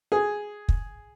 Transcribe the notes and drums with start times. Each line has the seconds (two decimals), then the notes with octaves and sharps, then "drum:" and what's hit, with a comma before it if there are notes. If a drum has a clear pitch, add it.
0.12 G#4
0.69 drum: kick